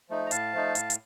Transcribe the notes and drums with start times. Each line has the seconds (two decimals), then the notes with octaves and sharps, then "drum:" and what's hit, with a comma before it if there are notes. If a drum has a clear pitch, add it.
0.10 F3 A3 D#4
0.26 A#5
0.31 A2 F5 A5, drum: hi-hat
0.53 F3 A3 D#4
0.75 A2, drum: hi-hat
0.90 drum: hi-hat